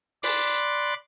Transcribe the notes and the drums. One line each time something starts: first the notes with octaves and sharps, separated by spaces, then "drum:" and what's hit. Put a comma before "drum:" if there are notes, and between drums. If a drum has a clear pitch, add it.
D5 B5 C6 D6 F#6 A6, drum: open hi-hat